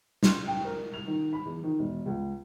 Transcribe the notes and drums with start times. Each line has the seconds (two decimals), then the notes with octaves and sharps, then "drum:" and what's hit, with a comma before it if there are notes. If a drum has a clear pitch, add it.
0.23 C6, drum: snare
0.47 G5
0.65 A#4
0.94 F7
1.07 D#3
1.33 B5
1.45 E2
1.64 D#3
1.79 E1
2.06 C#2